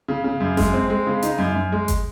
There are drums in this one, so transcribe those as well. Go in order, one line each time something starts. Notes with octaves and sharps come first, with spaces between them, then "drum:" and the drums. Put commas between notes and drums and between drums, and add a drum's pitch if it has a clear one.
C#3
C#3
F#2
G#3, drum: snare G1
C4
G#3
C#3
D#4, drum: hi-hat
F#2
F#2
G#3
drum: kick G1, hi-hat